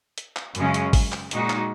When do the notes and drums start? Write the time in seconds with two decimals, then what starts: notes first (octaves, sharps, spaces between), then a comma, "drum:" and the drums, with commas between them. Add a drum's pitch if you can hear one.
0.18 drum: hi-hat
0.37 drum: clap
0.55 F#2 C#3 G#3 C#4, drum: hi-hat
0.74 drum: hi-hat
0.93 drum: kick G#1, open hi-hat
1.12 drum: clap
1.31 A#2 G#3 D#4 F#4, drum: hi-hat
1.50 drum: clap